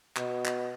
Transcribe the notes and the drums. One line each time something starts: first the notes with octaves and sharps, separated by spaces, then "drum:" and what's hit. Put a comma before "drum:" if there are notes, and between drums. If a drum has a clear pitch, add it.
B2, drum: clap
drum: clap